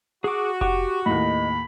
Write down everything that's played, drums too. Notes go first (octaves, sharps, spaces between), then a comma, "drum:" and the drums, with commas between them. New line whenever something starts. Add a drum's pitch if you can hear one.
F#4 G#4 D6
G4 F#5 C#6, drum: kick F1
D#2 A2 D#5 B5